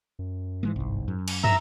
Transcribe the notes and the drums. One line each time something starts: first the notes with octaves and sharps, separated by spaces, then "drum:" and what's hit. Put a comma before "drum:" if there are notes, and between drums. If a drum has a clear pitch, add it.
F#2
G#2 E3 G#3 A#3
G1 C2
F#2
drum: cymbal
G#2 E5 A#5 E6, drum: tom